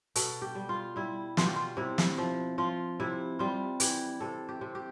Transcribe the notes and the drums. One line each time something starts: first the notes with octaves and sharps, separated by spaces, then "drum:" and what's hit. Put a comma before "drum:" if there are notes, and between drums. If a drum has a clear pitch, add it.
B2 A4, drum: hi-hat
G4
G3
F4
G3 E4
B2 F4, drum: snare
G4
F4
C3 E4
drum: snare
F3
F3 F4
C3 E4
G3 F4
E3 G4, drum: hi-hat
C3 A4
G4
C3
G4